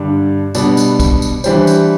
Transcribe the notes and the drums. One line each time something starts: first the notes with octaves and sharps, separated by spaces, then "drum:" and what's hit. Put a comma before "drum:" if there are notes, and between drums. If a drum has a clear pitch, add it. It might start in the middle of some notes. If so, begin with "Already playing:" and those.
Already playing: G2 D3 G3 D4
B2 G3 B3 D4, drum: tambourine
drum: tambourine
drum: kick, tambourine
drum: tambourine
E3 G3 D4 G4 C5, drum: tambourine
drum: tambourine